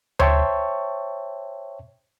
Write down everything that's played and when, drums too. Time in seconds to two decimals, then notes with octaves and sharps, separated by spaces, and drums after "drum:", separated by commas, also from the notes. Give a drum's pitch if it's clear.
0.19 C5 C#5 E5 G5 A5 C#6, drum: tom D2